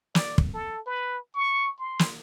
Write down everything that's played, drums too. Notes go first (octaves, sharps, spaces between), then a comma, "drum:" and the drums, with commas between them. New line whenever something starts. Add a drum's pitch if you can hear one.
D5, drum: snare
drum: kick
A4
B4
C#6
C6
drum: snare